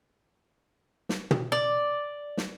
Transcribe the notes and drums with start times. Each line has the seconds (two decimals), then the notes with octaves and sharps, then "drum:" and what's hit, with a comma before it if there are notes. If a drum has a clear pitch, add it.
1.09 drum: snare
1.31 drum: tom
1.52 D5
2.37 drum: snare